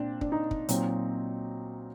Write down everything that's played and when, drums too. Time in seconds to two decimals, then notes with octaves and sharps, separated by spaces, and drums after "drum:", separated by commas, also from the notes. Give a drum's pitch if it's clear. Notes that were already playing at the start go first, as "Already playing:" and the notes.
Already playing: A#2 C4 D4
0.21 D4, drum: kick
0.32 D#4
0.51 drum: kick
0.69 A#2 F#3 C4, drum: hi-hat